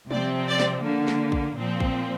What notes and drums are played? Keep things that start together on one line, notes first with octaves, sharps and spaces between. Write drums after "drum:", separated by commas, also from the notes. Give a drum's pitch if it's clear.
C3 F3 C4 D5, drum: tom
D5
drum: snare
D3 A#3
drum: snare
drum: kick A#1
A#2 F3 C4
drum: kick A#1